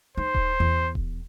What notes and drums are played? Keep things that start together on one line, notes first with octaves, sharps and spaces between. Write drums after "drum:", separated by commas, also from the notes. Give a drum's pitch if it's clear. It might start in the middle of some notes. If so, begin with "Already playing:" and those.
D#4 C5
drum: kick D#1
E2
drum: kick D#1